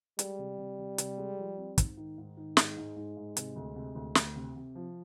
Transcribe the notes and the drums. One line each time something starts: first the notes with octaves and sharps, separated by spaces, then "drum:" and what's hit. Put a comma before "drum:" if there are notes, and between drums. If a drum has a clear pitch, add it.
G3 G#3, drum: hi-hat
C3
C3
C3
C3, drum: hi-hat
G#3
F3
C4
G#2, drum: kick, hi-hat
D#3
G#2
D#3
G#2 G#3, drum: snare
G#2
G#2
G#2
C3, drum: hi-hat
D2
C3
D2
D2, drum: snare
C3
C3
F3